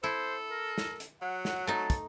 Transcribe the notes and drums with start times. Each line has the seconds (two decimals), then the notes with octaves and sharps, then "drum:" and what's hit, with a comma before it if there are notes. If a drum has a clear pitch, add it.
0.04 E4 A4 C5
0.51 A#4
0.78 drum: snare
1.00 drum: hi-hat
1.22 F#3 F#5
1.45 drum: snare
1.67 A3 D#4 A5
1.90 drum: kick, hi-hat